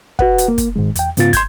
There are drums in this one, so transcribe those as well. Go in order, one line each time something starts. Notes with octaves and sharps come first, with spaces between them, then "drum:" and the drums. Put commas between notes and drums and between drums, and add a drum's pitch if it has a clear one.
F#4 B4 F#5, drum: kick
drum: hi-hat
A#3
drum: kick, hi-hat
G#2 D#3 G#3
E2 G5, drum: hi-hat
G#2 C#3 B3 F4 A6, drum: hi-hat
C6 G6 G#6, drum: kick, hi-hat